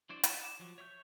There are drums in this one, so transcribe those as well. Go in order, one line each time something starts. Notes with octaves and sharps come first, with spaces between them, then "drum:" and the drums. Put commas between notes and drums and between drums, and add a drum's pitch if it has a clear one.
F#3 D4 E4 C5 D5
B4 D5 D#5 F#5 A5, drum: hi-hat
A5 D6
F3 F#3
C#5 E5 C#6 E6 G6